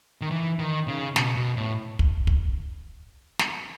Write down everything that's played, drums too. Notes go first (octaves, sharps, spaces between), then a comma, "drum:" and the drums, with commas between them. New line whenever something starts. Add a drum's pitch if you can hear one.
D#3
E3
D#3
C#3
B2, drum: snare
B2
A2
drum: kick
drum: kick
drum: snare